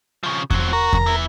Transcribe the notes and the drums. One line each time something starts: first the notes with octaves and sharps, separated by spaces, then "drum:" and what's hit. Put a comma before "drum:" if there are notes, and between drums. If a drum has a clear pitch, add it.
C#3 F3
F#3 C4, drum: kick E2
F#4 A#4 A#5
drum: kick E2
B3 E4